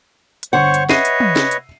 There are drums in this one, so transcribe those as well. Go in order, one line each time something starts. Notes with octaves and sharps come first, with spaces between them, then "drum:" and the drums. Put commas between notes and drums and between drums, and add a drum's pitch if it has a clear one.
drum: hi-hat
G1 C5 C#5 F#5 C#6
drum: hi-hat
B4 C#5 D#5 E5 C7 D#7, drum: snare
drum: hi-hat
drum: tom
drum: snare
drum: hi-hat